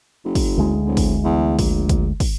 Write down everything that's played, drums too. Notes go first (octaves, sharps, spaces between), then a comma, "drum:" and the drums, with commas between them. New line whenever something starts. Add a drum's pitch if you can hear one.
F#1
drum: kick, open hi-hat
D2 G#3
D1
drum: kick, open hi-hat
E2
A#1, drum: kick, open hi-hat
drum: kick, hi-hat
drum: kick, open hi-hat